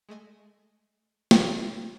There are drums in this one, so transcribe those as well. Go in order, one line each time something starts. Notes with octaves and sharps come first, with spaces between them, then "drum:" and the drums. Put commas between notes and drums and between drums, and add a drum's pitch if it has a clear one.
G#3 A3 D#5 G#5
drum: snare